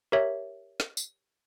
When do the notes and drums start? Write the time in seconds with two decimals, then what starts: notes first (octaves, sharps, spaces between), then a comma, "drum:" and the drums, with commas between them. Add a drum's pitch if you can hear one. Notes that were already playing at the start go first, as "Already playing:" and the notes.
0.12 G4 A#4 C#5 E5
0.80 drum: snare
0.97 drum: tambourine